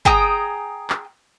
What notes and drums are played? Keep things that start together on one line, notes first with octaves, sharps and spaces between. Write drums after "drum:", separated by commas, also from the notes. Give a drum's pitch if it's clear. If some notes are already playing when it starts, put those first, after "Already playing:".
G#4 G5 A#5 D#6, drum: kick
drum: clap